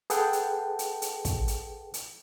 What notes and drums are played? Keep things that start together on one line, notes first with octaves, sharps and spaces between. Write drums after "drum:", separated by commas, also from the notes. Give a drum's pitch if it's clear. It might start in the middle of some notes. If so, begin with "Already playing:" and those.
G#4 A4 B4 F#5 G5 A5, drum: hi-hat
drum: hi-hat
drum: hi-hat
drum: hi-hat
drum: kick, hi-hat
drum: hi-hat
drum: hi-hat